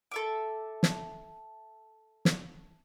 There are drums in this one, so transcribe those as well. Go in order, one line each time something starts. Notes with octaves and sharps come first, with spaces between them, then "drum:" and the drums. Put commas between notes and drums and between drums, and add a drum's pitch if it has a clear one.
A4 E5 D6
drum: snare
drum: snare